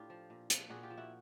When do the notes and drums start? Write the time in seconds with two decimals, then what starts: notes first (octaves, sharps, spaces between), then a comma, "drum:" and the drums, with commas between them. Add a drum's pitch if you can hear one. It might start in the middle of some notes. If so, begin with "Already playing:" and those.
Already playing: A2 D4 F4 G4
0.10 F3
0.30 A#2
0.50 F3, drum: hi-hat
0.70 A#2 F#4 G#4
0.83 F4 G4
0.90 F3
0.97 E4 F#4